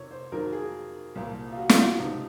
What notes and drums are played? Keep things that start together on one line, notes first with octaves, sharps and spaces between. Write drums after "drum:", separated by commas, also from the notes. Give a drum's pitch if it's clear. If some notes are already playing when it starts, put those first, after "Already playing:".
Already playing: F2 C3 D#3 C#5
C5
F2 D#3 F#3 A#4
G#4
C2 A#2 F3
F4
F#4
F4, drum: snare
F#4
C#2 C3 F3 D#4